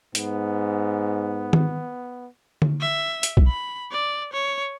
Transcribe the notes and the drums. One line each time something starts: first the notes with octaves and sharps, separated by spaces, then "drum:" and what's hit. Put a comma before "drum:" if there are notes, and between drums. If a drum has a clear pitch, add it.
G#2 B3, drum: hi-hat
drum: tom D#3
drum: tom D3
E5
drum: hi-hat
drum: kick B1
B5
D5
C#5